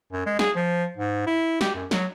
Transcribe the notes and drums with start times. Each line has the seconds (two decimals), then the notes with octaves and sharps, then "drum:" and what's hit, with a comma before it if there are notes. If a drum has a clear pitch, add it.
0.12 F#2
0.26 G#3
0.39 G#4, drum: snare
0.56 F3
0.97 G#2
1.27 E4
1.61 G4, drum: snare
1.75 F#2
1.91 F#3, drum: snare